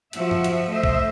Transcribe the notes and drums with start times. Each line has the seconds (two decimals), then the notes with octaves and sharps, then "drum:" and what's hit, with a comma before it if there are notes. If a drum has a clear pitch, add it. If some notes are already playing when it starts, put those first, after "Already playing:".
0.13 F3 F#4 E5, drum: hi-hat
0.31 drum: tom F#2
0.44 drum: hi-hat
0.70 A3 C5 D#5 E5
0.84 drum: kick